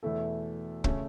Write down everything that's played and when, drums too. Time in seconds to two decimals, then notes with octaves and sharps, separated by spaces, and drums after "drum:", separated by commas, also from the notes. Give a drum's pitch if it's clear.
0.03 E2 B2 A3 E4 A4
0.84 C#3 A3 C#4, drum: kick